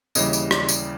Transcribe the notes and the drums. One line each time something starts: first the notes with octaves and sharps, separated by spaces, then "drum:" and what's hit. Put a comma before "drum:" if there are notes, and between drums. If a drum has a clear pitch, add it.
D#2 C#3 E3 G3 D#5, drum: tambourine
drum: tambourine
D5, drum: rim click
drum: tambourine